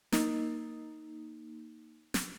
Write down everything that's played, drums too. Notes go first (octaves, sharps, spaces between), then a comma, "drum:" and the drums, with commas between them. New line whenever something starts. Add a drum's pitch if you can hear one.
A#3 D#4, drum: snare
drum: snare